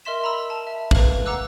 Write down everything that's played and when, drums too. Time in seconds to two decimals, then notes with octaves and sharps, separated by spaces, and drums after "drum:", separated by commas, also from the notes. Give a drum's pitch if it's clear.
0.05 A#4 D#5 E5 C6 B6 E7
0.24 A#5 B5 E6
0.50 A5
0.67 E5
0.91 B4 F5 F#7, drum: kick
1.26 F#5 A#5 D6 E6 F#6